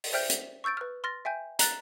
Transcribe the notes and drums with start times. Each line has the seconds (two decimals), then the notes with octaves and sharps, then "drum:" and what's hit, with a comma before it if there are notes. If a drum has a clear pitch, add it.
0.04 drum: open hi-hat
0.13 C5 D5 E5 G5 F6 G6
0.30 drum: hi-hat
0.64 C#6 E6 G6 A6 D7
0.77 B4 F6
1.04 C6 F6 A6 A#6
1.25 E5 G5 G#5 G6
1.59 A#5 F#6 A6, drum: hi-hat